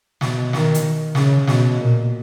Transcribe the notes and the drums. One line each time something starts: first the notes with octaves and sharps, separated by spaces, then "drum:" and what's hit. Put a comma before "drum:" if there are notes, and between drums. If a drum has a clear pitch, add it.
B2, drum: snare
D#3, drum: snare
drum: hi-hat
C#3, drum: snare
B2, drum: snare
A#2